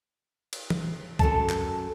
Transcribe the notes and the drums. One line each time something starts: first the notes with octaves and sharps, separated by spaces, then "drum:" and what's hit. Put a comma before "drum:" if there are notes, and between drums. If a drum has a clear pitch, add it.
drum: cymbal
drum: tom
F#2 A4 A5, drum: kick C2
drum: clap